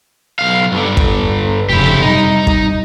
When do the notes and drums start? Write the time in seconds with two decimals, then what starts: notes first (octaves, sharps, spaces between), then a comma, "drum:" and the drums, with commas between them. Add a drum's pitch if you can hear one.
0.39 B1 F5
0.72 G2 D3
0.97 drum: kick
1.69 F1 C#3 E4 G4
2.02 C3 G3 D#4
2.47 drum: kick